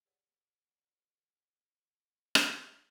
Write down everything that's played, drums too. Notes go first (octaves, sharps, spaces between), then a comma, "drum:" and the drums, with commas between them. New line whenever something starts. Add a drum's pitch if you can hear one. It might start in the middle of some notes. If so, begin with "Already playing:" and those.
G4 G#4 B4 C#5 D5 F#5
drum: rim click